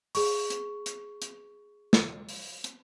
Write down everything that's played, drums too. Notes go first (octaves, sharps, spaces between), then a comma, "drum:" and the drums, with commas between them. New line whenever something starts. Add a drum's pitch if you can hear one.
G#4 C#6, drum: open hi-hat
drum: hi-hat
drum: hi-hat
drum: hi-hat
drum: snare
drum: open hi-hat
drum: hi-hat